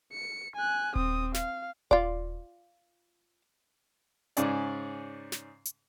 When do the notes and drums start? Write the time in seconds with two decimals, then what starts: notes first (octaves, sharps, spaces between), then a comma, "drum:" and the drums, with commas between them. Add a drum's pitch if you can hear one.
0.12 C#7
0.56 G#5 F#6
0.96 C4 D#6, drum: kick D#1
1.34 F5, drum: snare
1.91 F4 D5, drum: kick D#1
4.37 G#2 C#3 C#4 G#4 D5, drum: hi-hat
5.32 drum: snare
5.65 drum: hi-hat